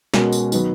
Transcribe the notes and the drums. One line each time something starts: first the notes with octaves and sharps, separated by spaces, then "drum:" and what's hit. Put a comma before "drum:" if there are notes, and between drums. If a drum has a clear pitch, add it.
B2 G#3 C#4 F#4 A#4, drum: snare
drum: tambourine
D#3 F#3 B3, drum: tambourine